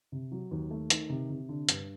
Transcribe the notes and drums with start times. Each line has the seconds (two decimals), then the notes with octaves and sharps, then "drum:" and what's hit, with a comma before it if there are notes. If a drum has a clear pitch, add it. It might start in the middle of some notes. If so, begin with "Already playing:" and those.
0.12 C3
0.32 F#3
0.51 D#2
0.71 A3
0.90 D#3, drum: hi-hat
1.10 C3
1.30 C3
1.49 D3
1.69 G2, drum: hi-hat